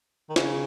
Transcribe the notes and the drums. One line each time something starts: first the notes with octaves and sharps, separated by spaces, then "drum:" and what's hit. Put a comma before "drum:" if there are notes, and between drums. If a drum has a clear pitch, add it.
D#3
C#3, drum: snare